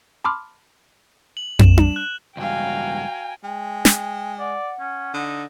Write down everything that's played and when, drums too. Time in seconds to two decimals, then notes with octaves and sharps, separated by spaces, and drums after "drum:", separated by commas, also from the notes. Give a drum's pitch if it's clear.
0.24 A5 B5 C6 D6 E6 F6
1.37 F#7
1.59 E7, drum: tom
1.77 drum: tom
1.96 F#6
2.37 C#2 G2 F#4 F5 G5 G#5 A#5
3.43 G#3 G5
3.85 drum: snare
4.39 D5 F#5
4.80 C#4
5.14 D3 D#4